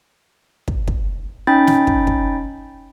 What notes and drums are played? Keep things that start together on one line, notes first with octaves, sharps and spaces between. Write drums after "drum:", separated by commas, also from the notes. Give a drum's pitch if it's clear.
drum: kick
drum: kick
C#4 D#4 G5 B5 A6
drum: snare
drum: kick
drum: kick